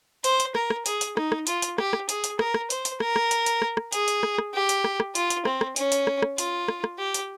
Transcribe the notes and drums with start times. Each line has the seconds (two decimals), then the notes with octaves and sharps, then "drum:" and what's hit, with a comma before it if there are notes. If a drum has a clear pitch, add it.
0.24 C5, drum: hi-hat
0.40 drum: hi-hat
0.55 A#4, drum: rim click
0.70 drum: rim click
0.86 G#4, drum: hi-hat
1.01 drum: hi-hat
1.17 D#4, drum: rim click
1.32 drum: rim click
1.47 F4, drum: hi-hat
1.62 drum: hi-hat
1.78 G4, drum: rim click
1.93 drum: rim click
2.09 G#4, drum: hi-hat
2.24 drum: hi-hat
2.39 A#4, drum: rim click
2.54 drum: rim click
2.70 C5, drum: hi-hat
2.85 drum: hi-hat
3.00 A#4, drum: rim click
3.16 drum: rim click
3.31 drum: hi-hat
3.46 drum: hi-hat
3.62 drum: rim click
3.77 drum: rim click
3.93 G#4, drum: hi-hat
4.08 drum: hi-hat
4.23 drum: rim click
4.38 drum: rim click
4.54 G4
4.69 drum: hi-hat
4.84 drum: rim click
5.00 drum: rim click
5.15 F4, drum: hi-hat
5.30 drum: hi-hat
5.45 C4, drum: rim click
5.61 drum: rim click
5.76 C#4, drum: hi-hat
5.92 drum: hi-hat
6.07 drum: rim click
6.22 drum: rim click
6.38 F4, drum: hi-hat
6.68 drum: rim click
6.84 drum: rim click
6.99 G4
7.14 drum: hi-hat